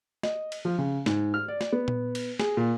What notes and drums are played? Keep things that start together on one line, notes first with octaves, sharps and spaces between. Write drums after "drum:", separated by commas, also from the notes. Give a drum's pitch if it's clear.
D#5, drum: snare
drum: cymbal
F3
C#3
G#2, drum: snare
F6
D5
drum: snare
B3
drum: tom A#2
drum: cymbal
G#4, drum: snare
A#2